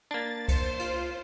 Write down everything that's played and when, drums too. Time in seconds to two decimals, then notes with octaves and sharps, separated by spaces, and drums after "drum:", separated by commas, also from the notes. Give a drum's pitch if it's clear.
0.11 A#3 D4 A6
0.48 C5, drum: kick C2, cymbal
0.79 F4, drum: cymbal